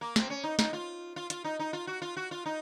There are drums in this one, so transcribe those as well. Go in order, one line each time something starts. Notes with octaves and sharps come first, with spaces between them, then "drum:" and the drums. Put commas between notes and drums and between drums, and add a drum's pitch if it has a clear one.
A#3
C4, drum: snare
C#4
D#4
D#4, drum: snare
F4
F4
F4, drum: hi-hat
D#4
D#4
F4
F#4
F4
F#4
F4
D#4